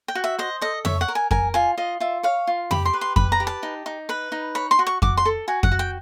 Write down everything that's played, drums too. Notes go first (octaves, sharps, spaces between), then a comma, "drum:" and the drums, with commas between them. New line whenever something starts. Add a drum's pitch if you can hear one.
G5
F#4
E5
C5 D#5
A4 D#5
C#5 E5, drum: tom F2
F#5
A#4
G#5
A#4 G#5, drum: kick F2
F4 G#5
F4 D#5
F4 E5
C#5 F5
F4
G4 B5, drum: tom F2
C6
B4
C6
B4 B5, drum: kick F2
A#5
G4
A5
D#4
D#4
B4 B5
D#4
C#5 B5
C6
F#4
C#6
F#4 D6, drum: kick F2
C6
A4
F#4 G#5
F#5, drum: kick F2
F#4
G5